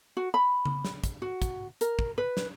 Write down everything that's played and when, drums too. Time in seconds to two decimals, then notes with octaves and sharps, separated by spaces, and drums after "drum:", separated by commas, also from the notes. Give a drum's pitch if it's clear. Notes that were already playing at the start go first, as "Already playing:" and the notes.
0.17 F#4
0.34 B5
0.65 drum: tom C#3
0.85 drum: snare
1.04 drum: kick, hi-hat
1.22 F#4
1.42 drum: kick, hi-hat
1.81 A#4, drum: hi-hat
1.99 drum: kick
2.18 B4
2.37 drum: snare